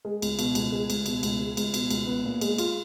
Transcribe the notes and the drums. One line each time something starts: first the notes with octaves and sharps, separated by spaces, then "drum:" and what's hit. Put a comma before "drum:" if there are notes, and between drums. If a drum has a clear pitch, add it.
G#3
C#2, drum: cymbal
B2, drum: cymbal
C#2, drum: cymbal
G#3
C#2, drum: cymbal
B2, drum: cymbal
C#2, drum: cymbal
G#3
C#2, drum: cymbal
B2, drum: cymbal
C#2, drum: cymbal
B3
A#2
G#3, drum: cymbal
F4, drum: cymbal